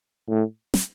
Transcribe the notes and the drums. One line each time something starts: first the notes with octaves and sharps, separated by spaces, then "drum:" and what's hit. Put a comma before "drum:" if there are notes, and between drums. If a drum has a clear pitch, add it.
A2
drum: snare